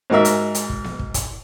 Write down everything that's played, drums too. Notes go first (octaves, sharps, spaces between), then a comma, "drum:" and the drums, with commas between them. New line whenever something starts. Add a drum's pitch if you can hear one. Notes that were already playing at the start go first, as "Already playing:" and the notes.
G#2 F#4 A#4 E5
drum: hi-hat
drum: hi-hat
drum: kick
drum: snare B3
drum: kick
drum: kick, hi-hat